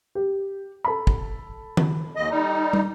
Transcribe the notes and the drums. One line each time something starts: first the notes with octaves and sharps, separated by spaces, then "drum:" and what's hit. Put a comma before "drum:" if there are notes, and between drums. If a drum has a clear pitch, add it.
G4
A4 B5
drum: kick
drum: tom D#3
D#2 D#5
G3 D#4
drum: tom